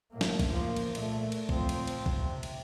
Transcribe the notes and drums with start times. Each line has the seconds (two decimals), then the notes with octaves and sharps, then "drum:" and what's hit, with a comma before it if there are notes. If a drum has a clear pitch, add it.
0.11 A2 A#3
0.21 drum: snare
0.39 drum: kick, cymbal
0.50 F3 A#3
0.76 drum: cymbal
0.95 A#2 A3, drum: cymbal
1.32 drum: cymbal
1.49 F3 C4, drum: kick
1.69 drum: cymbal
1.88 drum: cymbal
2.06 drum: kick
2.18 C3
2.43 drum: cymbal